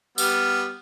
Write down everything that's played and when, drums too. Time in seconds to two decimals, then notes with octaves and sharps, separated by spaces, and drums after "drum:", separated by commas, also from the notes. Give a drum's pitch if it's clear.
0.18 G3 B3 F6, drum: tambourine